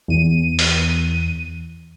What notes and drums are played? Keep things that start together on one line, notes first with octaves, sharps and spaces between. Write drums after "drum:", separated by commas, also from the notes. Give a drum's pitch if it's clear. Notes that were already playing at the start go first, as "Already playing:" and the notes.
E2 D#7
drum: open hi-hat